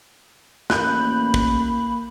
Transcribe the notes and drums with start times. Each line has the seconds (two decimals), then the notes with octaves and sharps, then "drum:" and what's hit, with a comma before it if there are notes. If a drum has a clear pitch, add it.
0.70 A1 A#3 B5 F#6 G6, drum: snare
1.34 drum: kick